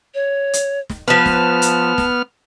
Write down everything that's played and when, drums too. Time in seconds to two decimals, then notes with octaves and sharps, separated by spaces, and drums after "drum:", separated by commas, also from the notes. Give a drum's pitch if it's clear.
0.15 C#5
0.53 drum: hi-hat
0.90 drum: snare
1.08 F3 B3 B4 A5 F6
1.26 drum: snare
1.62 drum: hi-hat
1.98 drum: snare